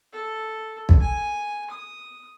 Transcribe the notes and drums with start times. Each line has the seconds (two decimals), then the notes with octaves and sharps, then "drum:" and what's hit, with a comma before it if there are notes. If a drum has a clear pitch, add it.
0.12 A4
0.89 drum: kick
1.01 G#5
1.70 D#6